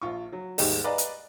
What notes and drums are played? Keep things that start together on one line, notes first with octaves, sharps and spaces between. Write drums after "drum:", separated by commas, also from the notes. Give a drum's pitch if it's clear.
A#1 F4 C#6
F#3
D#2 G#2 G3 G#3, drum: open hi-hat
B4 D5 D#5 F5 G#5 A#5
drum: hi-hat